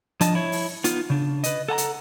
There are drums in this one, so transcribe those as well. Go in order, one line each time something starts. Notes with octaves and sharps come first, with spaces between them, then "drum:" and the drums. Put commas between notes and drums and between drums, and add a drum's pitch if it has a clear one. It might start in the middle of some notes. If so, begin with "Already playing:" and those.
F3 D4 D#5 A5, drum: hi-hat
E4 C#5
drum: open hi-hat
B3 D#4 F4, drum: hi-hat
C#3 D4
B4 D#5, drum: hi-hat
A4 F#5 A5 A#5
drum: hi-hat